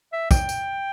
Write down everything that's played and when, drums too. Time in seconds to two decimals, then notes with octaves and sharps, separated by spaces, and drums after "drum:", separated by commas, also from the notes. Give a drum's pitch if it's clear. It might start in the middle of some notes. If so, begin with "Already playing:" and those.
0.12 E5
0.31 G5, drum: kick, tambourine
0.49 drum: tambourine